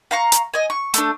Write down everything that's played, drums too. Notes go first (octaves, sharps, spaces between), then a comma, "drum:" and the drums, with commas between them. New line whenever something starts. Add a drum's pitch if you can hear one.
F5 A#5 C#6
drum: hi-hat
D#5 G#5
C#6
A3 D4, drum: hi-hat